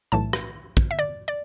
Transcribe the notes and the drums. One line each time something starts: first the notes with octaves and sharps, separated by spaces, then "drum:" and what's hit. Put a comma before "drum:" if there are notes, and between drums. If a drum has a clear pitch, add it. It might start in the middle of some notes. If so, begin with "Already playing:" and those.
B1 A2 E3 A3 A5
drum: rim click
drum: kick
E5
D5
D5